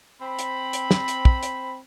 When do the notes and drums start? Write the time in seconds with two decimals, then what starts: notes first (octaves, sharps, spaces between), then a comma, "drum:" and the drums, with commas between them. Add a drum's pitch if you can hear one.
0.21 C4 B5
0.39 drum: hi-hat
0.73 drum: hi-hat
0.91 drum: snare
1.08 drum: hi-hat
1.25 drum: kick
1.43 drum: hi-hat